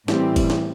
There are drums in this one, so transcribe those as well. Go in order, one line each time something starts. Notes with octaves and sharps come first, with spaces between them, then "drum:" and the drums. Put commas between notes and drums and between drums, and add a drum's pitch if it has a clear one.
A2 E3 G3 C4 G4, drum: snare
drum: kick, cymbal
drum: snare